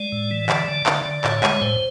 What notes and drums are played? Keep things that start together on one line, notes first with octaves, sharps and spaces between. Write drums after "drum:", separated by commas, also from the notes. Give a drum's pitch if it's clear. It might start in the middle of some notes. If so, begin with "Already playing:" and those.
Already playing: G#3 D5
A2
E3
D3 D5, drum: clap
D3
D3, drum: clap
D3
A2 C#5, drum: clap
G#3, drum: clap
A2 C5